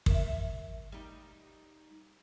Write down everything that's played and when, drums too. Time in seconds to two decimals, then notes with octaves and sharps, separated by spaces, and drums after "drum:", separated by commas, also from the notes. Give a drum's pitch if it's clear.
0.06 A#4 E5, drum: kick
0.92 G3 D#4